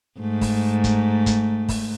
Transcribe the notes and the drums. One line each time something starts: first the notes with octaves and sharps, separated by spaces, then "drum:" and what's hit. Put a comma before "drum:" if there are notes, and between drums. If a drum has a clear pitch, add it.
G#2 A3
drum: kick, open hi-hat
drum: kick, hi-hat
drum: kick, hi-hat
drum: kick, open hi-hat